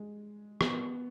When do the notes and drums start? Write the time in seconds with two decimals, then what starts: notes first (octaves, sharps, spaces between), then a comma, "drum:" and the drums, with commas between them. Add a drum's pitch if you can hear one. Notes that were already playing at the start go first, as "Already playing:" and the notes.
Already playing: G#3
0.61 B3, drum: rim click